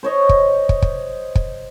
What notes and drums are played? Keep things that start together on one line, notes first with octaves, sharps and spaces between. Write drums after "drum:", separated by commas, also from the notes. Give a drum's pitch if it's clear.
C5 C#5 D#5
drum: kick
drum: kick
drum: kick
drum: kick